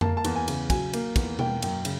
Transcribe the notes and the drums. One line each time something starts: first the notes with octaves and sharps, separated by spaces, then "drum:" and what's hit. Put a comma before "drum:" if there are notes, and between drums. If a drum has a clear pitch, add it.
A#3 A5, drum: tom F2
A5
E2, drum: cymbal
G#5
C#3, drum: cymbal
F#3 G#5, drum: kick, cymbal
A#3, drum: cymbal
E2, drum: kick, cymbal
A#3 G5, drum: tom B2
F#2 G5, drum: cymbal
C#3, drum: cymbal